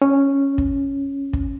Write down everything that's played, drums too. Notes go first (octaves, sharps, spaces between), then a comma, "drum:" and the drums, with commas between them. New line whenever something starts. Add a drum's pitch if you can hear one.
C#4
drum: kick
drum: kick